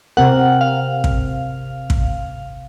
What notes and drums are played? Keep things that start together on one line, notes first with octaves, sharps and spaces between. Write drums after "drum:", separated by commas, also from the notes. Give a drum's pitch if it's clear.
C3 C4 A#4 F#5
F5
drum: kick
drum: kick